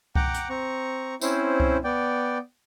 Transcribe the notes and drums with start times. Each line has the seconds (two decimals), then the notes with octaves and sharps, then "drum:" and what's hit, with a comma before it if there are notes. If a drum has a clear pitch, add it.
0.15 F#5 G5 A#5 D6, drum: kick C2
0.34 drum: hi-hat
0.50 C4 A#5 C#6
1.21 C4 C#4 E4 C5, drum: tambourine
1.60 drum: kick C2
1.84 B3 D5 G5